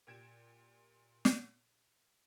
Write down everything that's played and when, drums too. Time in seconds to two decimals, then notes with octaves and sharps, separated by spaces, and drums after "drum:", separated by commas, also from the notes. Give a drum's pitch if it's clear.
0.07 A#2 G4 G#6 D7 E7
1.25 drum: snare